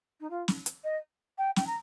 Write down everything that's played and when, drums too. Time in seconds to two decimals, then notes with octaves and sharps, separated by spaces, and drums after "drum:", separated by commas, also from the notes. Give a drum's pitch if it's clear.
0.20 D#4
0.30 F4
0.48 drum: snare
0.66 drum: hi-hat
0.84 D#5
1.38 G5
1.56 G5, drum: snare
1.67 A#5